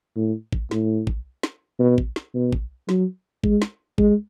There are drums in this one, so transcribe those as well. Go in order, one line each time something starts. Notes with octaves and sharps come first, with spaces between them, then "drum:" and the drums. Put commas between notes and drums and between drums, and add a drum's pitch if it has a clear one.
A2
drum: kick
A2, drum: snare
drum: kick
drum: snare
B2
drum: kick
drum: snare
B2
drum: kick
F#3, drum: snare
G#3, drum: kick
drum: snare
G#3, drum: kick